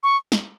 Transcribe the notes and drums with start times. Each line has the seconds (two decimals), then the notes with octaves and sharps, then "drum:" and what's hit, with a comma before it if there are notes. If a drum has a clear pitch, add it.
0.03 C#6
0.32 drum: snare